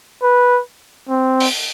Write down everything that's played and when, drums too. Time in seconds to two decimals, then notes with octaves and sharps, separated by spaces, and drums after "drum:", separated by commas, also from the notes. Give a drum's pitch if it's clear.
0.23 B4
1.09 C4
1.40 drum: open hi-hat